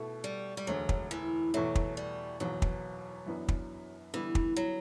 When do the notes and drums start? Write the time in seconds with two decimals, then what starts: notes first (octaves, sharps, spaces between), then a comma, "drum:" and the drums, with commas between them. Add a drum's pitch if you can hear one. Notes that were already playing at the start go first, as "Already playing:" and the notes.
Already playing: B2 A3 E4 A4
0.24 G3
0.57 G3
0.67 E1 D2 D3 F#3
0.89 drum: kick
1.11 E3
1.54 E2 B2 F#3 A3 E4
1.75 drum: kick
1.97 G3
2.40 F#1 E2 B2 F#3
2.62 drum: kick
3.26 F#2 E3 B3 D4
3.48 drum: kick
4.13 D3 E3 G3 B3 E4
4.35 drum: kick
4.56 F#3